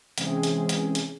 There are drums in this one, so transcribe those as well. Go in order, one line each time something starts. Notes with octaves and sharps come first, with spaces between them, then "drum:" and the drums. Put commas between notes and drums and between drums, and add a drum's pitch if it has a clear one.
C3 E3 G#3 C4 C#4 G#4, drum: hi-hat
drum: hi-hat
drum: hi-hat
drum: hi-hat